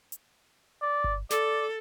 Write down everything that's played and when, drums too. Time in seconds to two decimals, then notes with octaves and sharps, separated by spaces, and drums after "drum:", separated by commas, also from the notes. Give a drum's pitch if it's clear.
0.12 drum: hi-hat
0.82 D5
1.04 drum: kick G1
1.31 A4 D5, drum: snare